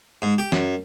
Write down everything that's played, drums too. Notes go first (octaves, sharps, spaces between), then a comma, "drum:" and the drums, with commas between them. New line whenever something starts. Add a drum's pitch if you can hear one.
G#2
G4
F#2, drum: snare